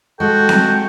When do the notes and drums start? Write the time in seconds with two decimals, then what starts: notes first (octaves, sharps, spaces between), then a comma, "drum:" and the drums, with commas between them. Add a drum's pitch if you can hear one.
0.20 G#3 F#4 A4 G5
0.49 drum: snare C4